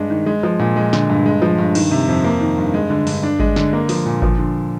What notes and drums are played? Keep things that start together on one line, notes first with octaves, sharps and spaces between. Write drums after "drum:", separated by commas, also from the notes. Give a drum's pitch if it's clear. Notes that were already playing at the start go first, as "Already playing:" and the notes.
Already playing: G2 G#3 D4
D#3
G#3
F3
A#2
G#3
D3, drum: snare
G2
G#3
F3
G2
D#3, drum: cymbal
C3
F2
A#3
D#3
G2
G#3
D3
G2, drum: open hi-hat
D4
G#3, drum: kick G#1
D3, drum: snare
A#3
F3, drum: open hi-hat
A#2
F3, drum: kick G#1
D3